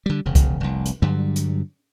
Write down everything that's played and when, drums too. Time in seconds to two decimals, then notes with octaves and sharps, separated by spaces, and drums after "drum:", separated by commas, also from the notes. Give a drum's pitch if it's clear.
0.06 D3 G3
0.26 E1 C#3
0.35 drum: kick C2, hi-hat
0.60 F1 C2
0.85 drum: hi-hat
1.02 G2 D3 F#3 G3
1.36 drum: hi-hat